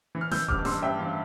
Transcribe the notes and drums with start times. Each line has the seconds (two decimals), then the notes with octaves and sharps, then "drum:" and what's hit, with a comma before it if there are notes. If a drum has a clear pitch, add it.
0.15 E3
0.21 F6
0.31 E3 E6 G6, drum: snare
0.48 G2 D6 F6, drum: kick D#1
0.59 D6
0.65 G2 C6 E6, drum: snare
0.82 G2 E5 G5
0.99 E3 F5